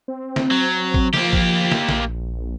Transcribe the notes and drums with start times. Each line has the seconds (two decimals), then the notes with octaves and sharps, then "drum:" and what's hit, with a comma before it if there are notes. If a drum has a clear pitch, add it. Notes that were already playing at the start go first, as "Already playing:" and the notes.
0.08 C4
0.36 drum: snare
0.51 F#3
0.94 drum: kick
1.14 F3 A#3 G4, drum: snare
1.33 drum: kick
1.72 drum: snare
1.89 A#1, drum: snare